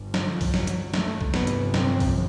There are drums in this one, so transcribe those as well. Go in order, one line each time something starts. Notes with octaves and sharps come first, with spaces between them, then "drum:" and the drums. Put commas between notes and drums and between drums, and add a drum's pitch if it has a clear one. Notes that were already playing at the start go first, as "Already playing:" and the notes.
Already playing: G1 G2
F3, drum: snare
drum: kick B1, open hi-hat
F#3, drum: snare
drum: hi-hat
A3, drum: snare
drum: kick B1
G1 F2 C3 B3, drum: snare
drum: hi-hat
C4, drum: snare
drum: kick B1, open hi-hat